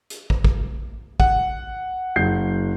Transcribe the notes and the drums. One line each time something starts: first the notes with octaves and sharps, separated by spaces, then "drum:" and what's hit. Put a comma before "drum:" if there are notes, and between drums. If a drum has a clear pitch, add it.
drum: hi-hat
drum: kick
drum: kick
F#5, drum: kick
F#1 G6 C7